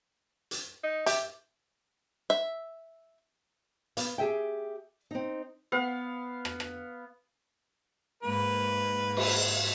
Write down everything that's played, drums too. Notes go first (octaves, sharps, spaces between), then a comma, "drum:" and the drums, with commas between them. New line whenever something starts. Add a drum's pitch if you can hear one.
drum: hi-hat
D#4
G4 E5, drum: hi-hat
E5
B3 F5, drum: hi-hat
G4 G#4 E5 G5
C4 D#4
B3 F5
drum: rim click
drum: rim click
G#2 A#3 B4
drum: cymbal